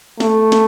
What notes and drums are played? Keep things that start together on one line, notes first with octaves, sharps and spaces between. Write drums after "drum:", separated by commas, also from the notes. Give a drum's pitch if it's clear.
A3, drum: snare
drum: snare